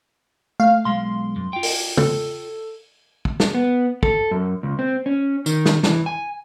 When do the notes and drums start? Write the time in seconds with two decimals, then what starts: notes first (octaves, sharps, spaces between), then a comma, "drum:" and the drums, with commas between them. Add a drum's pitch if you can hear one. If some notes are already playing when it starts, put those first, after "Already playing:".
0.60 A3 F5
0.85 B1 G#3 C6
1.36 F#2
1.53 F4 G5
1.63 drum: open hi-hat
1.97 A4, drum: tom
3.25 drum: kick
3.40 drum: snare
3.55 B3
4.03 A4, drum: kick
4.31 F#2
4.63 C#2
4.79 C4
5.06 C#4
5.46 D#3, drum: tambourine
5.66 drum: snare
5.83 E3, drum: snare
6.06 G#5